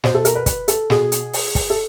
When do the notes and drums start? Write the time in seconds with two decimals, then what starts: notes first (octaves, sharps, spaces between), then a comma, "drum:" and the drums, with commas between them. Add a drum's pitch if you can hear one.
0.04 B2 C5, drum: snare
0.14 A4
0.25 A#4, drum: hi-hat
0.35 B4
0.46 B4, drum: kick, hi-hat
0.68 A4, drum: hi-hat
0.90 B2 G#4, drum: snare
1.12 drum: hi-hat
1.33 drum: open hi-hat
1.55 drum: kick, open hi-hat
1.70 A4